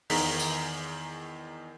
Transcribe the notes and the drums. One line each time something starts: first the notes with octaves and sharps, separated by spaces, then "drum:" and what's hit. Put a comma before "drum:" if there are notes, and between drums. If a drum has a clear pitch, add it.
E2 D#3 G#4 A#5 B6, drum: open hi-hat
drum: tambourine